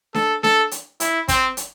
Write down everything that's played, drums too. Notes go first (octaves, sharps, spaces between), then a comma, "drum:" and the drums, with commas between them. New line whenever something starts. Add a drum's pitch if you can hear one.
A4, drum: snare D4
A4, drum: snare D4
drum: hi-hat
E4, drum: hi-hat
C4, drum: kick, hi-hat
drum: hi-hat